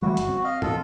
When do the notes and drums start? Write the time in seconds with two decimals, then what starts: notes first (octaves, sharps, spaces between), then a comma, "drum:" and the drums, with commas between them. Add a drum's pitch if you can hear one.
0.02 E3 G3 A3 F#4
0.17 G1, drum: hi-hat
0.29 C4
0.45 D#5 F5
0.62 F4 A4, drum: tom